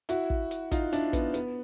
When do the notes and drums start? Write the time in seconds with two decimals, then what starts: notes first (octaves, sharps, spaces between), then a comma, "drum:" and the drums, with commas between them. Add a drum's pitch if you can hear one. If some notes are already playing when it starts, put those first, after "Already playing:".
0.09 E4 F#4, drum: hi-hat
0.30 drum: kick
0.51 drum: hi-hat
0.71 D#4 F4, drum: kick, hi-hat
0.93 D4 E4, drum: hi-hat
1.13 B3, drum: kick, hi-hat
1.34 B3, drum: hi-hat